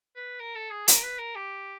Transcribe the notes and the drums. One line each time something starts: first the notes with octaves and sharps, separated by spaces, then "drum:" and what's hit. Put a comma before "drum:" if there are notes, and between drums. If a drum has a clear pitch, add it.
B4
A#4
A4
G#4
A#4, drum: hi-hat
B4
A#4
G4